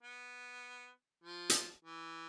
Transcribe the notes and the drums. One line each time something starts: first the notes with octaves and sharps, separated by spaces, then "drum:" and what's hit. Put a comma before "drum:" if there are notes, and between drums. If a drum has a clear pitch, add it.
B3
F3
drum: hi-hat
E3